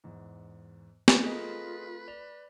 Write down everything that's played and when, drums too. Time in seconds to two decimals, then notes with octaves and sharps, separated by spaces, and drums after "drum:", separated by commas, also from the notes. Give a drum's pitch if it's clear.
0.04 E2 G#2
1.08 drum: snare
1.23 A3 C4 F4 G#4 A#4 B4 D#5
2.08 D5 F7